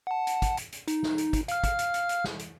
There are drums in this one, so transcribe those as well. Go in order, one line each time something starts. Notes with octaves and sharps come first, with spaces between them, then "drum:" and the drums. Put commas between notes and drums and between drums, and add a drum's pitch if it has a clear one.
F#5 A5
drum: hi-hat
drum: kick, hi-hat
drum: hi-hat
drum: hi-hat
D#4, drum: hi-hat
drum: snare
drum: hi-hat
drum: kick, hi-hat
F5 F6, drum: hi-hat
drum: kick, hi-hat
drum: hi-hat
drum: hi-hat
drum: hi-hat
drum: snare
drum: hi-hat